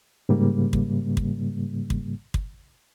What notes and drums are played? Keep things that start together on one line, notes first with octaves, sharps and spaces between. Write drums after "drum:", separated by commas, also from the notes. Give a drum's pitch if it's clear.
G#2 C#3 G3 A#3
drum: kick
drum: kick
drum: kick
drum: kick